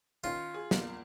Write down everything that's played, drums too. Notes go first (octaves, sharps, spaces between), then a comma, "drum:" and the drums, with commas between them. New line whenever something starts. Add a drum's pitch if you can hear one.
D#3 C#4 F4
G#4
E2 A#3, drum: snare